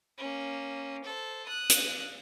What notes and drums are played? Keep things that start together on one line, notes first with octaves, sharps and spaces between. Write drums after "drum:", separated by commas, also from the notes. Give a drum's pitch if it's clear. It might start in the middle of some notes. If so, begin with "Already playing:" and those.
A#3 C#4
A4 C5
D#6 F#6
drum: hi-hat